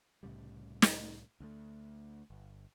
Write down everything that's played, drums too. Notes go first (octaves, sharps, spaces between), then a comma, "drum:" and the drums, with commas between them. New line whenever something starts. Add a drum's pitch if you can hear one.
C2 A2 C#3 G3
drum: snare
D2 G#3 A3
G1